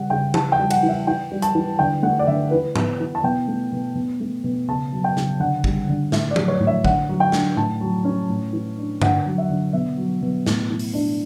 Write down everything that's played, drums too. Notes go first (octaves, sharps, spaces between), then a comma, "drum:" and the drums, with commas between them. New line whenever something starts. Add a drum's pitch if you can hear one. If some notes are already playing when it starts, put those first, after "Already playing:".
Already playing: C#3 G3 F#5
C#3 G5
E3 A5, drum: tom
G5
G3
F#5, drum: cymbal
E3
E5
E3 G5
G3
A5, drum: hi-hat
E3
D3 G5
A3 F#5
D5
D3 E5
E3 B4
B3, drum: tom G#2
E3
A5
B2 G5
A3
B2
B2
A3
B2
C#3 A5
F#3
G5
C#3, drum: snare
D3 F#5
G3, drum: kick A1
D3
A2 E5, drum: snare
D5
F#3, drum: tom
C#5
A2
E5
D3 F#5, drum: kick A1
F#3
G5
D4, drum: snare
A2 A5
F#3
C#4
A2
E3
D4
D3 F#5, drum: tom G2
F#3
E5
D3
B2 E5
F#3
B2
A2, drum: snare
E3
drum: open hi-hat
D4